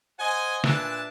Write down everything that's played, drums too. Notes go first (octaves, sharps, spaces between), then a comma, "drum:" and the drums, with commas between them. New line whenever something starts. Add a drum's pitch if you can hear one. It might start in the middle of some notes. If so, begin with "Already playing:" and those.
C5 D#5 F#5 G#5
A#2 D4 B4 E5 G#5 A5, drum: snare